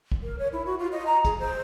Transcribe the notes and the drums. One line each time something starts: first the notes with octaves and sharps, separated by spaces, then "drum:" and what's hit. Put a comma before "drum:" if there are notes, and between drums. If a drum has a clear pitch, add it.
drum: kick
A#4
C#5
E4
F#4
F4
D#5
A#5
G#4, drum: kick, hi-hat
C5